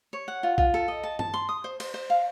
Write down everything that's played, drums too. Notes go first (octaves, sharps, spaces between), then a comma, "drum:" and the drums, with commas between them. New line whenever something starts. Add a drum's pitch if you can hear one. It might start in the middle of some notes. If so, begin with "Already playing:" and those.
C#5
F#5
F4
F4, drum: kick B1
A4
D#5
A5
A5, drum: tom G2
C6
D#6
C5
C5, drum: cymbal
C5
F5